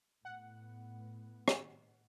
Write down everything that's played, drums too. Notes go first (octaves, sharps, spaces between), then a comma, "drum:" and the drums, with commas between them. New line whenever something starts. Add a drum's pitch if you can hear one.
A2 B3 F#5
drum: rim click